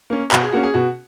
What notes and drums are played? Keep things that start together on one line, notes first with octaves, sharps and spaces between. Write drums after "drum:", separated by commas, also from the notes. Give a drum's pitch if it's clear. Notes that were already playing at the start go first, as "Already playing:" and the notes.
A#3 C#4
B2 F#4, drum: clap
G#4
A#3 C#4 F#4
G#4
B2 F#4